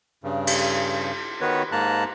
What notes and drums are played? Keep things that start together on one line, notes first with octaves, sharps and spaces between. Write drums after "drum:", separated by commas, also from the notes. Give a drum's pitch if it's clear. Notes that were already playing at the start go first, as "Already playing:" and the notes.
G2 C#3
drum: cymbal
D#3 B3 F#4 B4 C#5
G#2 A#3 A5 A#5 F#6